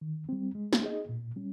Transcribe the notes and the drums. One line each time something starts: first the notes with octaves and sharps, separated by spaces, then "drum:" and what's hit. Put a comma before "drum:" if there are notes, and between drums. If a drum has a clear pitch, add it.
D#3
G3 C4
G#3
drum: snare
D#4 G#4 D#5
A#2
G3 C#4